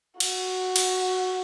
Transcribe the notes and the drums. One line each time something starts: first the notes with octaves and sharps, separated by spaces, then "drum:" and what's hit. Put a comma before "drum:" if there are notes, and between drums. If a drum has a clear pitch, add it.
F#4, drum: cymbal
drum: cymbal